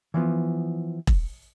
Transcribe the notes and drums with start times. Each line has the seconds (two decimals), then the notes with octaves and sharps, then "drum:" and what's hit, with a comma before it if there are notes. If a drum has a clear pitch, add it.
0.14 E3 F3 B3
1.07 drum: kick E1